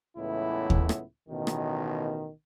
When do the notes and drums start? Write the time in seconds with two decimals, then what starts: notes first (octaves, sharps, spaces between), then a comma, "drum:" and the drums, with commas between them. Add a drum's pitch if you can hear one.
0.18 C#2 A2 E3 B3 E4
0.70 drum: kick D#2
0.89 drum: rim click
1.28 A1 B2 D#3
1.47 drum: rim click